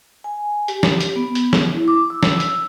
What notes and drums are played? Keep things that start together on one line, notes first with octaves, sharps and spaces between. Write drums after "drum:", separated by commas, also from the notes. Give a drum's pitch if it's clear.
G#5
G4, drum: hi-hat
drum: snare
drum: hi-hat
B3
drum: hi-hat
drum: snare
E4
D6
E6
drum: snare
drum: hi-hat